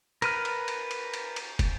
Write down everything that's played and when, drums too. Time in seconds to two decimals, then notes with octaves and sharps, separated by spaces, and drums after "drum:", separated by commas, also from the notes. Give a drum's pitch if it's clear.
0.22 A#4 B4 F6, drum: cymbal
0.45 drum: cymbal
0.68 drum: cymbal
0.91 drum: cymbal
1.14 drum: cymbal
1.36 drum: cymbal
1.59 drum: kick, cymbal